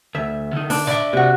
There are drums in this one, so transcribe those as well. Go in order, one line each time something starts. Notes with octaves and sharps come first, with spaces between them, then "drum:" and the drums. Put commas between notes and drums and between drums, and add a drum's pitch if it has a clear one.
D2 E5
D3 D#4
D4, drum: open hi-hat
D5 E5, drum: snare
C3 F#4